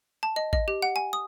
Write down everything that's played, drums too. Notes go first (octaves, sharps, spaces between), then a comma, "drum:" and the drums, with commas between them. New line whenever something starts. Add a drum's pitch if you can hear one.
A5
D#5
D#5, drum: kick
G4
F#5
G#5
D#6